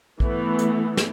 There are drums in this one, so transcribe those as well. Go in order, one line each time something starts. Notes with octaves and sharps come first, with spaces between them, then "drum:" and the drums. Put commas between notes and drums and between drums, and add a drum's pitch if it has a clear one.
E3 A3 B3, drum: kick A#1
drum: hi-hat
drum: snare